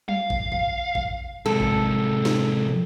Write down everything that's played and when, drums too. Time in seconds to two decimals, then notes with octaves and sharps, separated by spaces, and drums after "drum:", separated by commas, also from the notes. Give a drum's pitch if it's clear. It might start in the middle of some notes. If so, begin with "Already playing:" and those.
0.09 F5, drum: tom F#3
0.30 drum: kick
0.52 drum: kick
0.95 drum: kick
1.46 C3 G#3 A4
1.60 drum: kick
2.25 drum: snare
2.68 drum: tom